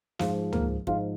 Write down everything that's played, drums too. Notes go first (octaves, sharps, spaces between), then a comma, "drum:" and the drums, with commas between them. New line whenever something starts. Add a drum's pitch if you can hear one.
G#2 F3 G#3 F4 F5, drum: snare
A#3 A#4, drum: tom
G#2 F3 G#3 F4 F5, drum: kick